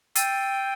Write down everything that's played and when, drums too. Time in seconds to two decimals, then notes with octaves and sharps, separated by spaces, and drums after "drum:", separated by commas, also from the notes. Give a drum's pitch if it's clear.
0.15 G5 E6 A6 C7 D#7, drum: hi-hat